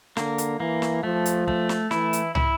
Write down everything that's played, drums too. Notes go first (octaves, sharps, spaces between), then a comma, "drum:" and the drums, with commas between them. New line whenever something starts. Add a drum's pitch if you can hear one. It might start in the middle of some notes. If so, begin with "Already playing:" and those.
D3 A#3, drum: snare
drum: hi-hat
E3 A#3
drum: snare
F3 A3
drum: hi-hat
A3, drum: kick
drum: snare
E3 E4, drum: snare
drum: hi-hat
E4, drum: tom